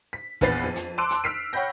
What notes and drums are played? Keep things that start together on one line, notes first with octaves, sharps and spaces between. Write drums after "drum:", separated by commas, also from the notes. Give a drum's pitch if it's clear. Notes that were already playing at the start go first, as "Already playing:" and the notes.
B6
A#1 E2 B3 B4 A6 C7, drum: kick, hi-hat
F2
drum: hi-hat
A5 C6 D6 E6 F#6 D7
drum: hi-hat
E6 F6 B6 C7 D7
C#5 F#5 G5 B5 G6 A#6